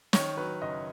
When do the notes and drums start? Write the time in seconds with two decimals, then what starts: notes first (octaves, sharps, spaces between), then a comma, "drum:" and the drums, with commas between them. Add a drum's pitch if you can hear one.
0.13 D#3 C#5, drum: snare
0.37 F#3 B4
0.62 F#1 D#5